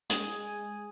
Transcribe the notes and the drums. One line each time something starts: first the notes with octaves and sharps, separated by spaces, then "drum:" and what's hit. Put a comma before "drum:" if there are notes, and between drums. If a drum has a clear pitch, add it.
G#3 G#4, drum: hi-hat